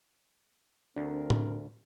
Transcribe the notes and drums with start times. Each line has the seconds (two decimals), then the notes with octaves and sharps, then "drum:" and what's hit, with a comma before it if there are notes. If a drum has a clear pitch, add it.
0.96 D2 C4 D4 A#4
1.30 drum: tom A2